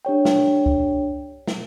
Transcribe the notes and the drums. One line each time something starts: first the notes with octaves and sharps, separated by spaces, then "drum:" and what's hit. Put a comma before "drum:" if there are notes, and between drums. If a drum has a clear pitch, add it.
D4 G4 C#5 G5
drum: snare
drum: kick C2
drum: snare